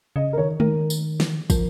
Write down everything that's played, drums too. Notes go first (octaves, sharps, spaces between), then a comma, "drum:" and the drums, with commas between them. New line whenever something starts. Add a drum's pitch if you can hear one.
C#3 D#5
A#4
D#3 C#5
D#3 A#4, drum: tom G#3
drum: tambourine
drum: snare
F3 A#4, drum: kick, tambourine